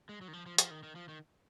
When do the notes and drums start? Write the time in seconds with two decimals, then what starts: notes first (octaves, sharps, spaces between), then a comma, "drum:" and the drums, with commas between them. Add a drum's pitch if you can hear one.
0.09 G#3
0.21 F#3
0.28 D#3
0.33 F3
0.46 F3
0.58 F3, drum: hi-hat
0.71 D#3
0.83 D#3
0.96 F3
1.09 D#3